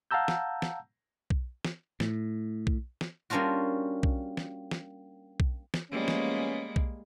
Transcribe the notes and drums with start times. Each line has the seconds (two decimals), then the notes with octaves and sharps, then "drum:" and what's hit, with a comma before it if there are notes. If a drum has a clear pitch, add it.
0.11 F5 F#5 A5 A#5 E6 G6
0.28 drum: snare
0.62 drum: snare
1.30 drum: kick B1
1.65 drum: snare
2.00 A2, drum: snare
2.67 drum: kick B1
3.01 drum: snare
3.30 G3 A#3 C#4 D4 F4 F#4
4.03 drum: kick B1
4.37 drum: snare
4.71 drum: snare
5.40 drum: kick B1
5.74 drum: snare
5.91 F3 G3 G#3 A#3 B3 C#4
6.08 drum: snare
6.76 drum: kick B1